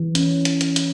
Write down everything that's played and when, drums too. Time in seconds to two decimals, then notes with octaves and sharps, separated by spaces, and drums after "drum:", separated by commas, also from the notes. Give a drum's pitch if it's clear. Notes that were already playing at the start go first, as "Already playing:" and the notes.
Already playing: E3
0.15 C#4, drum: hi-hat
0.45 drum: hi-hat
0.61 drum: hi-hat
0.76 drum: hi-hat